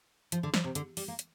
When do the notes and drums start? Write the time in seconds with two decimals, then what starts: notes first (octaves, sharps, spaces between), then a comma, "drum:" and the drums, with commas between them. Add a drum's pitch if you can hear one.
0.32 F3, drum: hi-hat
0.43 D3
0.54 F3, drum: snare
0.64 C3
0.75 D3, drum: hi-hat
0.97 G3, drum: open hi-hat
1.08 A#3
1.19 drum: hi-hat